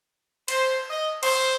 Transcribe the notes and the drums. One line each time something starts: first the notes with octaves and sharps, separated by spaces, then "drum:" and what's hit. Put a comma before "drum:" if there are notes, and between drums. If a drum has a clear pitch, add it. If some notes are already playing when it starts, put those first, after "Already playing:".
C5, drum: cymbal
D#5
C5, drum: cymbal